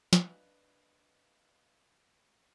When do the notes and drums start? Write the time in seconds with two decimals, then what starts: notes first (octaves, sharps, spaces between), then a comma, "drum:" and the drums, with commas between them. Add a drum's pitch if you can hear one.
0.13 D4 B4 D#5 F5 F#6, drum: snare